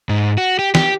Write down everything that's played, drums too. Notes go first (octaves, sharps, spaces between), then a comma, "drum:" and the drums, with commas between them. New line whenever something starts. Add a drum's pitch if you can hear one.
G#2
F#4
G4
G4, drum: snare